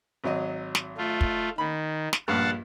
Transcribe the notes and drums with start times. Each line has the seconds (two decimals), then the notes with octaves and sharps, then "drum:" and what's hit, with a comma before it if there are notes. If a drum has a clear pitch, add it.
0.24 G#1 F#3 D#5
0.75 drum: snare
0.98 A3 F4
1.21 drum: kick
1.58 D#3 B5
2.13 drum: snare
2.28 A#1 G2 F5 F#5 A5